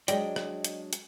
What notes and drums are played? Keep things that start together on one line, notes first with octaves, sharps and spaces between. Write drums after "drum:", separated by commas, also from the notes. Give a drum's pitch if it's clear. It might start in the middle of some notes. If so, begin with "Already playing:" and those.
F#3 G#3 D4 D5 D#5 G5, drum: hi-hat
drum: rim click
drum: hi-hat
drum: hi-hat